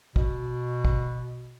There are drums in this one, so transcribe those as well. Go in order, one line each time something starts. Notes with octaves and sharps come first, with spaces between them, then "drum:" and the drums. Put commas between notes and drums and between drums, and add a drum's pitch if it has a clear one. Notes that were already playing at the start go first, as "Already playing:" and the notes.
B2, drum: kick
drum: kick